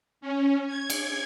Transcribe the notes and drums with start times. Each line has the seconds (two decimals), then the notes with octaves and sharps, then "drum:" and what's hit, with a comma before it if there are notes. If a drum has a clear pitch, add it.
0.21 C#4
0.67 G#6
0.90 drum: cymbal